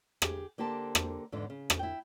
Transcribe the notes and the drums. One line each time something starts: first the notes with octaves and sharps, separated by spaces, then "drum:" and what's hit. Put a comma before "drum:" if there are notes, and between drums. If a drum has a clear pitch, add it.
G4 G#4, drum: rim click
D3 A#3 G4 C5 A5
drum: rim click
E2 G#2 D3
C#3
drum: rim click
E4 G5